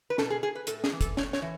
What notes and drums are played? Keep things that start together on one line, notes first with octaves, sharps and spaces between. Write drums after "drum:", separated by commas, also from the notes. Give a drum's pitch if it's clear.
B4
B2 A4, drum: snare
G#4
G#4
B4
A2 A4, drum: hi-hat
G#4, drum: snare
E3
A4, drum: kick, hi-hat
A2 C#5, drum: snare
C#5, drum: snare
E3